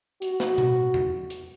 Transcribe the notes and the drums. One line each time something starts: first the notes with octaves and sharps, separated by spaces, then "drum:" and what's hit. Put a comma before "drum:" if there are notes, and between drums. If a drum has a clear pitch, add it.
F#4, drum: hi-hat
drum: snare
drum: tom B2
drum: tom E2
drum: hi-hat